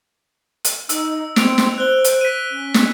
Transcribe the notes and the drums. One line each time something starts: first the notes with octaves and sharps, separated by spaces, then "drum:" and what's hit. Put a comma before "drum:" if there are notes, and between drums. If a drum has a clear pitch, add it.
drum: hi-hat
D#4 E6, drum: hi-hat
C4 D7 F7, drum: snare
drum: snare
C5 F#6 G7
drum: hi-hat
B6 D#7
C#4
drum: snare